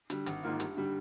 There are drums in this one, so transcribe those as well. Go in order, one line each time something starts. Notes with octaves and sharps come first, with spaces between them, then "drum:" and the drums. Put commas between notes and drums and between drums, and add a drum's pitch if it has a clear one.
D3 G3, drum: hi-hat
G#1, drum: hi-hat
G#2 D#3 A#3 F4
G2, drum: hi-hat
D3 G3